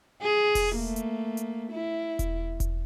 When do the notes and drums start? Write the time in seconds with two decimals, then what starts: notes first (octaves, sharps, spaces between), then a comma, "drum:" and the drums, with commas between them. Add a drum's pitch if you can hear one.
0.22 G#4
0.55 drum: kick E1, open hi-hat
0.76 A3 A#3
0.96 drum: hi-hat
1.37 drum: hi-hat
1.72 E4
2.19 drum: kick E1, hi-hat
2.60 drum: kick E1, hi-hat